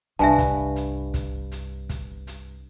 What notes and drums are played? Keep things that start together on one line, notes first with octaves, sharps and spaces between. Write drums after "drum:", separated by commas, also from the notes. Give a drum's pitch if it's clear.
C2 G2 B4 E5 G#5 A5
drum: kick, hi-hat
drum: hi-hat
drum: kick, hi-hat
drum: hi-hat
drum: kick, hi-hat
drum: hi-hat